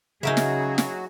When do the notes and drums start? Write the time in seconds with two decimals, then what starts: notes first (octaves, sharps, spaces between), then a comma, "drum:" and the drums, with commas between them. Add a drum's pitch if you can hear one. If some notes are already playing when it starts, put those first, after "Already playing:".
0.23 C#3 F#3 D#4 F#4 G#4 A#4 E5
0.37 drum: snare
0.78 drum: snare